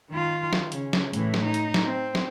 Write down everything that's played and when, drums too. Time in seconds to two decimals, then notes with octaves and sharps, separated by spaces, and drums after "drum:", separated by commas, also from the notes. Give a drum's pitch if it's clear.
0.10 D#3 F4
0.53 drum: snare
0.72 C#3, drum: hi-hat
0.93 drum: snare
1.13 A2 E3, drum: hi-hat
1.34 drum: snare
1.45 D#4
1.54 drum: hi-hat
1.74 drum: snare
1.86 C4
2.15 drum: snare